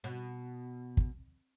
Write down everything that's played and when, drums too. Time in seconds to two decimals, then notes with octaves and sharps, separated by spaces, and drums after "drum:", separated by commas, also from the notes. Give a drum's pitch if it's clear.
0.04 B2
0.97 drum: kick